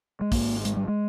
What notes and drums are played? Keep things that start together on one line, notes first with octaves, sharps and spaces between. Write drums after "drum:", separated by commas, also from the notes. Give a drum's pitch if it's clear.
G#3
G#1 G#2 A#3, drum: kick, open hi-hat
G#3, drum: hi-hat
G3
G#3